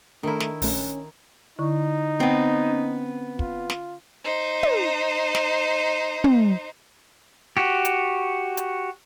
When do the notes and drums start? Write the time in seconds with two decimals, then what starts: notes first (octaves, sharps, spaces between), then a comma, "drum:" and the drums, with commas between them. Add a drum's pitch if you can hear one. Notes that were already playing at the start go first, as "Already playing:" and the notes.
0.23 D#3 A3 D4 E4 A4 A#4
0.40 drum: snare
0.62 A#1 A3 C#4, drum: open hi-hat
1.59 D3 D#4 E4 C#6
2.20 B3 C4
2.67 C#4
3.39 F4, drum: kick
3.70 drum: snare
4.24 D#4 C5
4.63 drum: tom
5.35 drum: snare
6.24 drum: tom
7.57 F#4 G4
7.85 drum: hi-hat
8.57 drum: hi-hat